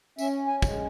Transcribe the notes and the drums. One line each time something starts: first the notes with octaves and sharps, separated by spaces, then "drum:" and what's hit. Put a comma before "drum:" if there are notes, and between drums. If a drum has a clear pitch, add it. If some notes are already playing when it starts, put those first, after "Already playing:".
C#4 E5, drum: tambourine
G#5
G#3, drum: kick, tambourine